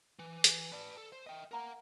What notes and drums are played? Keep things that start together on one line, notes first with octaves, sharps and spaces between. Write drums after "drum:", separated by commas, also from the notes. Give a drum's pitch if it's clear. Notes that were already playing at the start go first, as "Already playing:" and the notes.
E3
drum: hi-hat
B4 D5 A5
A4
C5
D#5 E5 G5
A#4 F5 F#5 A#5